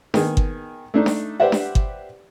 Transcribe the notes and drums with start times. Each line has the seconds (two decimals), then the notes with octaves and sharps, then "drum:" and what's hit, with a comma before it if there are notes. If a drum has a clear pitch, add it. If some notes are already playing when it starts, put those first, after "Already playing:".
0.14 D#3 B3 G#4, drum: snare D4
0.37 drum: kick G1
0.94 A3 D4 D#4
1.06 drum: snare D4
1.40 G4 B4 C5 D5 E5 F#5
1.52 drum: snare D4
1.75 drum: kick G1